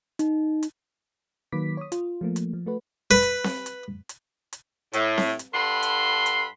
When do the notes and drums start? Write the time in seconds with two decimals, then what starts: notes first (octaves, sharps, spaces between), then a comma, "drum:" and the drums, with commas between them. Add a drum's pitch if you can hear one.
0.19 D#4, drum: hi-hat
0.63 drum: hi-hat
1.52 D#3 F#3 A#3 B4 D6 B6
1.77 C#5 D#6
1.92 F4, drum: hi-hat
2.21 F3 A3 A#3
2.36 drum: hi-hat
2.53 F3
2.66 A3 F#4 B4
3.11 B4
3.23 drum: hi-hat
3.44 drum: snare C4
3.66 drum: hi-hat
4.09 drum: hi-hat
4.53 drum: hi-hat
4.93 A2, drum: hi-hat
5.18 drum: snare C4
5.39 drum: hi-hat
5.54 G2 A4 F#5 B5 C6
5.83 drum: hi-hat
6.26 drum: hi-hat